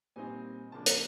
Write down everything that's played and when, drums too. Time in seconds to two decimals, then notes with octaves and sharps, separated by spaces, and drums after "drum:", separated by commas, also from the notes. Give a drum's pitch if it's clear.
0.16 A#2 G3 C4 D#4 G#5
0.72 C#3 F3 A#3 D4 A5
0.86 A#5, drum: hi-hat